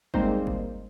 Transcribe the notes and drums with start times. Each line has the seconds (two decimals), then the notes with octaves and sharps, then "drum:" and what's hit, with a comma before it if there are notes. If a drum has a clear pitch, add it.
0.14 G3 G#3 A#3 C4 D#4 C5, drum: kick
0.47 drum: kick